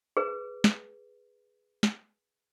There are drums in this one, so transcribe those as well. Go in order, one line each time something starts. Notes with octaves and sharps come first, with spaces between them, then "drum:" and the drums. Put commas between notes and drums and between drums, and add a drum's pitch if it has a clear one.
G#4 B4
drum: snare
drum: snare